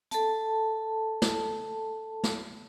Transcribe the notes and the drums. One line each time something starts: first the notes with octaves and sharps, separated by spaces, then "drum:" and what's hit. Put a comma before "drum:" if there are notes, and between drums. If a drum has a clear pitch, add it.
A4 A5, drum: hi-hat
drum: snare
drum: snare